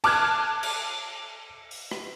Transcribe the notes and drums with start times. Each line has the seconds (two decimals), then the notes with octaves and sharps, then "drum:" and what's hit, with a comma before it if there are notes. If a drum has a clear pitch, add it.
0.04 A5 D6 F6 F#6 G#6, drum: cymbal
0.63 drum: cymbal
1.71 drum: open hi-hat
1.91 drum: rim click